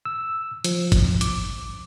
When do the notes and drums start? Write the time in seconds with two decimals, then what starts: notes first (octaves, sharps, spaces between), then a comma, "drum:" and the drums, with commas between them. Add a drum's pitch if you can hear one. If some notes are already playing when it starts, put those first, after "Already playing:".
0.05 E6
0.64 F3, drum: hi-hat
0.92 drum: kick, hi-hat
1.21 D6, drum: hi-hat